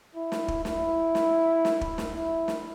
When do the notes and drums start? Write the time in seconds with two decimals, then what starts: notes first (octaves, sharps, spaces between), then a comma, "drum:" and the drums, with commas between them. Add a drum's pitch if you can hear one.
0.15 E4
0.32 drum: snare
0.48 drum: kick
0.65 E4, drum: snare
1.15 drum: snare
1.65 drum: snare
1.81 drum: kick
1.98 drum: snare
2.14 E4
2.48 drum: snare